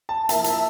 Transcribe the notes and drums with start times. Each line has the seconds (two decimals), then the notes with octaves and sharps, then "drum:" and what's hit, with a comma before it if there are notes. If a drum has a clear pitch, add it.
0.09 A5
0.29 F3 A#3 E4 A#4 E5 A5, drum: hi-hat
0.44 drum: hi-hat